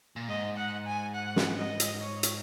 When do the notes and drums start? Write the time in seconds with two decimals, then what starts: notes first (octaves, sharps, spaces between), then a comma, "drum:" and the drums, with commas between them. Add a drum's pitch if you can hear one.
0.16 A#2
0.28 G#2 D#5
0.56 F#5
0.86 G#5
1.14 F#5
1.36 drum: snare
1.57 D#5
1.80 drum: hi-hat
2.01 C#5
2.23 drum: hi-hat